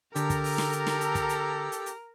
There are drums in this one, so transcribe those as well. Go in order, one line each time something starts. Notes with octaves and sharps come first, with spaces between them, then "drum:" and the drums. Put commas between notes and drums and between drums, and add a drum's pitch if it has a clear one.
D3 G4 A4 A#4 A#5, drum: hi-hat
drum: kick, hi-hat
drum: open hi-hat
drum: snare
drum: hi-hat
drum: snare
drum: hi-hat
drum: kick, hi-hat
drum: hi-hat
drum: hi-hat
drum: hi-hat